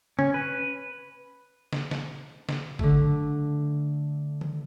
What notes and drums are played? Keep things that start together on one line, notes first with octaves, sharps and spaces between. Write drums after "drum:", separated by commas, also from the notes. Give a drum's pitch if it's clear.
C#4, drum: tom C#3
B4
drum: snare
drum: snare
drum: snare
D3 A3, drum: kick
drum: tom D#3